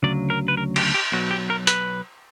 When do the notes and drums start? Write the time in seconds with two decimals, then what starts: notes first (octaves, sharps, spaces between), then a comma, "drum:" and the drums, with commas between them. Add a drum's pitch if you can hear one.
0.03 D2 C#3 F#3 D5
0.30 A#4
0.48 B4
0.57 A#4
0.76 G4, drum: cymbal
0.94 G4
1.12 B1 B2 F#3 F#4
1.31 G4
1.50 A#4
1.67 B4, drum: hi-hat